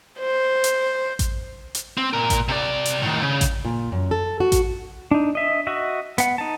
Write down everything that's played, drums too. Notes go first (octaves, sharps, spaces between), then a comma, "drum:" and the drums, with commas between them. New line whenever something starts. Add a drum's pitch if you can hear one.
C5
drum: hi-hat
drum: kick A1, hi-hat
drum: hi-hat
C4
A#2 A#4
drum: kick A1, hi-hat
C3 D5
drum: hi-hat
A2 D#3
C#3
drum: kick A1, hi-hat
A#2
F#2
A4
F#4
drum: kick A1, hi-hat
D4 D#4
D#5 E5
F#4 D#5 E5
B3 F#5, drum: hi-hat
D#4 A5